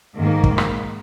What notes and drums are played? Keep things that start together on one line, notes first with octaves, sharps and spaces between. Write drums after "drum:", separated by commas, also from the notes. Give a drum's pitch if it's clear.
G#2 D#3 A#3
drum: kick
drum: rim click